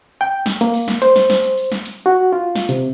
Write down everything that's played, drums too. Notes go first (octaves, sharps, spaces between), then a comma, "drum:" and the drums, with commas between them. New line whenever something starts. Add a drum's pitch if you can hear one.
G5
drum: snare
A#3, drum: hi-hat
drum: open hi-hat
drum: snare
C5, drum: hi-hat
drum: snare
drum: snare
drum: hi-hat
drum: open hi-hat
drum: snare
drum: hi-hat
F#4
F4
drum: snare
C3, drum: hi-hat